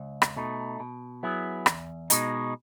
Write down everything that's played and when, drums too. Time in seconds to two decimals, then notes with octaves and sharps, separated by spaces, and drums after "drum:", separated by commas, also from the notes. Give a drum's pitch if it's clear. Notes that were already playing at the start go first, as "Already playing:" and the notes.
Already playing: C#2
0.22 drum: rim click
0.36 B2 A3 D#4
0.80 B2
1.23 F#3 B3 E4 G#4
1.66 E2, drum: rim click
2.10 B2 G#3 D#4, drum: hi-hat